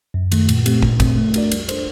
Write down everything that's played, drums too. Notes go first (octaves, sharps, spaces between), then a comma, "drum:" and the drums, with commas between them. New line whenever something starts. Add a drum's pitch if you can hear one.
F#2
D#3 A3, drum: cymbal
A#2, drum: cymbal
A3 C4 G4, drum: cymbal
A#2, drum: kick
A3 C4, drum: kick, cymbal
A3
D4 F#4 A#4 D5, drum: cymbal
G3, drum: cymbal
D4 A4 C5, drum: cymbal